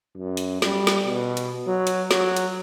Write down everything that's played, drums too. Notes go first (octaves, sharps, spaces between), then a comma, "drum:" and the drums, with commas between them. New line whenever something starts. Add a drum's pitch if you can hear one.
F#2
drum: hi-hat
G3, drum: snare
drum: snare
B2
drum: hi-hat
F#3
drum: hi-hat
F#3, drum: snare
drum: hi-hat